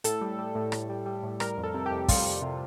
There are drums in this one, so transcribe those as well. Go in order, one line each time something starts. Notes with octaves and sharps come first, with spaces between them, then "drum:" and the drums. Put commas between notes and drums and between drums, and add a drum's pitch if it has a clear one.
A2 A4, drum: hi-hat
G3
G3
A2
A2, drum: rim click
G3
G3
A2
G3 A#4, drum: rim click
F2
A4
C3
F2 G4
G3 F4, drum: kick, open hi-hat
F2
C3